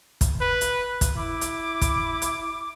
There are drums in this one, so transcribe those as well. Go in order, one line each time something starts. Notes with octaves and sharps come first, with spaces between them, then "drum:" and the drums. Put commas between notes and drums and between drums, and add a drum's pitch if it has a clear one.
drum: kick, hi-hat
B4
drum: hi-hat
drum: kick, hi-hat
E4 D6
drum: hi-hat
drum: kick, hi-hat
drum: hi-hat